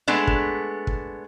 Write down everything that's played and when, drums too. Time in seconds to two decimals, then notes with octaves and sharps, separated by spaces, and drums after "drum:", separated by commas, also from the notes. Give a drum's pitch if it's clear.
0.07 G#3 A3 B3 D4
0.27 drum: kick
0.87 drum: kick